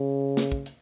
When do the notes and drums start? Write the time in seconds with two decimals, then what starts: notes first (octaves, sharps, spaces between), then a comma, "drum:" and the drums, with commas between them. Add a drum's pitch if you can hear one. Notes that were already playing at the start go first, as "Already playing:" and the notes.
Already playing: C#3
0.37 drum: snare
0.52 drum: kick
0.66 drum: hi-hat